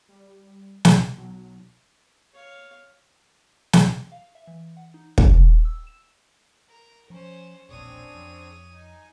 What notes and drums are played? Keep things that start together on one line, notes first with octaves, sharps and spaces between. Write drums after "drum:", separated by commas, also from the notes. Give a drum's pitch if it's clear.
G3
drum: snare
B1 F#3
C#5 F5
drum: snare
F5
E5
E3
F#5
D#4
D6, drum: kick
G5
E6
E7
A#4
F3 C#4 C5
E1 A#1 C4 D4 G#4 C#5 D#6
F2
D#4 G#5